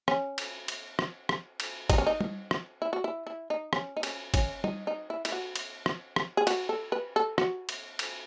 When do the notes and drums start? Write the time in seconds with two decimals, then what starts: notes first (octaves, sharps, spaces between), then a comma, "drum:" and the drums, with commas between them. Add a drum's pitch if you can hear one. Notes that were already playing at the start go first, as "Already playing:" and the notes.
0.08 C#4, drum: rim click
0.38 drum: cymbal
0.68 drum: cymbal
0.99 drum: rim click
1.29 drum: rim click
1.60 drum: cymbal
1.90 D#4, drum: kick G1, cymbal
1.98 C#4
2.07 D#4
2.21 drum: tom G3
2.51 drum: rim click
2.82 E4
2.93 F#4
3.04 E4
3.27 E4
3.50 D#4
3.73 C#4, drum: rim click
3.97 D#4
4.03 C#4, drum: cymbal
4.34 C#4, drum: kick G1, cymbal
4.64 D#4, drum: tom G3
4.87 D#4
5.10 E4
5.25 E4, drum: cymbal
5.32 F#4
5.56 drum: cymbal
5.86 drum: rim click
6.16 drum: rim click
6.37 G#4
6.47 F#4, drum: cymbal
6.69 A4
6.92 B4
7.16 A4
7.38 F#4, drum: rim click
7.69 drum: cymbal
7.99 drum: cymbal